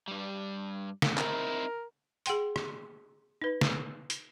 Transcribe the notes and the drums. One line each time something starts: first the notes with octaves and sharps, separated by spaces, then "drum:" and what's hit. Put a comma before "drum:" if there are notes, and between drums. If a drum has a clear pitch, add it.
G2 G3
drum: snare
C4 D#4 E4 A#4, drum: clap
G#4 F#5 G5 C6, drum: hi-hat
drum: rim click
D#4 B4
drum: snare
drum: hi-hat